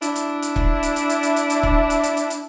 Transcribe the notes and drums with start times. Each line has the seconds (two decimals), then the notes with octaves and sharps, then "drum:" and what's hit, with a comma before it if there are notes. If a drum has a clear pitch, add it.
0.02 D4 E4, drum: hi-hat
0.16 drum: hi-hat
0.42 drum: hi-hat
0.56 drum: kick C#1
0.83 drum: hi-hat
0.96 drum: hi-hat
1.10 drum: hi-hat
1.23 drum: hi-hat
1.36 drum: hi-hat
1.50 drum: hi-hat
1.63 drum: kick C#1
1.90 drum: hi-hat
2.03 drum: hi-hat
2.17 drum: hi-hat
2.30 drum: hi-hat